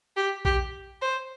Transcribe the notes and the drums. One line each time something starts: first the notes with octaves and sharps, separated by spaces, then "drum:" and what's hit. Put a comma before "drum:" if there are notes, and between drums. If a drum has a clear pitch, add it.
G4
G4, drum: kick A#1
C5